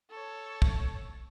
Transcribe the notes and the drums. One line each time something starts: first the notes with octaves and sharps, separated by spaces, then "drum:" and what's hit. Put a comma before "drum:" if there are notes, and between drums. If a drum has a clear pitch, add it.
A4 C#5
drum: kick